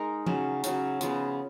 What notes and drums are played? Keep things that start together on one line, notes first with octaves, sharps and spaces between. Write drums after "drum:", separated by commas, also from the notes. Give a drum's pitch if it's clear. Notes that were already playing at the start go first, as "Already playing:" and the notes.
Already playing: G#3 D#4 A#4
C#3 F#3 C#4, drum: tom
C#3 F#3 C#4, drum: hi-hat
C#3 F3 B3, drum: hi-hat